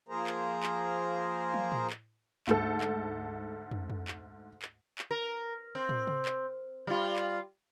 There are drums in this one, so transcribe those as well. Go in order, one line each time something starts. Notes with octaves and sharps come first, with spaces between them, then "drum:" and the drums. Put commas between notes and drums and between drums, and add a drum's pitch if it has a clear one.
F3 A#3 G#4 A#4 C5 A#5
drum: clap
drum: clap
drum: tom
drum: tom
drum: clap
D2 G#2 A4, drum: clap
drum: clap
drum: tom
drum: tom
drum: clap
drum: clap
drum: clap
A#4
C4
drum: tom
drum: tom C3
drum: clap
G3 F4
drum: clap